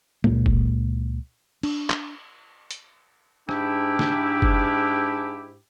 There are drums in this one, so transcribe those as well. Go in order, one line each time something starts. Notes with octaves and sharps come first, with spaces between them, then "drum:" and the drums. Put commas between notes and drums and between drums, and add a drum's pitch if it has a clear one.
C#2 A#2 G#3 A#3, drum: tom
drum: kick F#1
D4, drum: cymbal
drum: clap
drum: hi-hat
G#2 D4 E4 G4, drum: rim click
drum: snare
drum: kick F#1